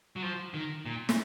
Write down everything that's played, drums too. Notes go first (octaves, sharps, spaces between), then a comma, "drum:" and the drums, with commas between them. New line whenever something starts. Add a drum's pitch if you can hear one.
F#3
F3
D#3
A#2
drum: snare